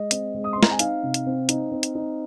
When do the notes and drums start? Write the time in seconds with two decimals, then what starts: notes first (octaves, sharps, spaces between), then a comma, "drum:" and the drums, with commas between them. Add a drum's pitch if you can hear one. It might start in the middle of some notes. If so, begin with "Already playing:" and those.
Already playing: G#3 D#5
0.11 C4, drum: hi-hat
0.34 G#3
0.44 D#6
0.53 C6
0.57 C4
0.63 A#5, drum: snare
0.71 G#5
0.79 D#4 F5, drum: hi-hat
1.03 C3
1.14 drum: hi-hat
1.26 C4
1.49 D#4, drum: hi-hat
1.71 C4
1.83 drum: hi-hat
1.95 D#4